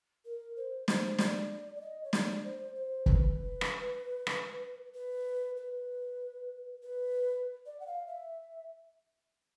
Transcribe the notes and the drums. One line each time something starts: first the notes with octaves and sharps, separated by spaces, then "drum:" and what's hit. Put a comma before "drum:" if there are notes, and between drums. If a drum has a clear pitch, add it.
A#4
C5
C5, drum: snare
D5, drum: snare
D5
D#5
C#5
D5, drum: snare
C5
C5
B4, drum: kick
drum: rim click
drum: rim click
B4
B4
B4
D5
F#5
F5
E5